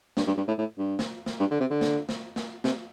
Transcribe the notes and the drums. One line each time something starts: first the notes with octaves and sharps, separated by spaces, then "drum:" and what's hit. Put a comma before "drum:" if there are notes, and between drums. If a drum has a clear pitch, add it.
G2, drum: snare
G2
G2
A2
A2
G2
drum: snare
drum: snare
G2
D3
C3
D3
drum: snare
drum: snare
drum: snare
C3, drum: snare